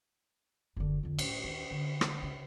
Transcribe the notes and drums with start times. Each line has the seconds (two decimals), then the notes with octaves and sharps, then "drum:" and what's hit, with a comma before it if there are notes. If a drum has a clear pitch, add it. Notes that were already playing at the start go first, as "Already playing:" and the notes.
0.76 F#1 D3
1.03 F2 D3
1.19 A2, drum: cymbal
1.44 D#2
1.71 D3
2.01 drum: rim click
2.23 C#3